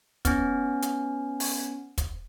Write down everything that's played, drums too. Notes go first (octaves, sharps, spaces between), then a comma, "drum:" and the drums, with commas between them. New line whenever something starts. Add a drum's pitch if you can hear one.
B3 C#4, drum: kick, hi-hat
drum: hi-hat
drum: open hi-hat
drum: kick, hi-hat